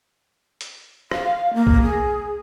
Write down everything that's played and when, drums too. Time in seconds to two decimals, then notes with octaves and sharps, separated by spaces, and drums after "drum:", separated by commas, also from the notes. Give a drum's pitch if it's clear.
0.61 drum: hi-hat
1.11 F5, drum: rim click
1.54 A#3
1.67 drum: kick
1.82 G#4